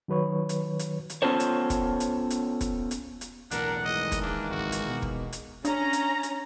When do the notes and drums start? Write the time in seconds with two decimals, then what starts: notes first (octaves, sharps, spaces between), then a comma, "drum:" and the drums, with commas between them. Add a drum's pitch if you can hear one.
0.08 D#3 F#3 B4 C#5
0.49 drum: hi-hat
0.79 drum: hi-hat
1.10 drum: hi-hat
1.22 B3 C#4 F4 A4 C5 C#5
1.40 drum: hi-hat
1.70 drum: kick, hi-hat
2.00 drum: hi-hat
2.30 drum: hi-hat
2.61 drum: kick, hi-hat
2.91 drum: hi-hat
3.21 drum: hi-hat
3.51 B1 E2 A2 D4 A#4 F#5, drum: hi-hat
3.85 D#3 E3 G#3 D#5
4.12 drum: kick, hi-hat
4.21 A#3 D4
4.51 G#1 C#2 F#4
4.72 drum: hi-hat
4.87 B2 B3
5.02 drum: kick
5.33 drum: hi-hat
5.65 C#4 D4 A#5, drum: hi-hat
5.93 drum: hi-hat
6.23 drum: hi-hat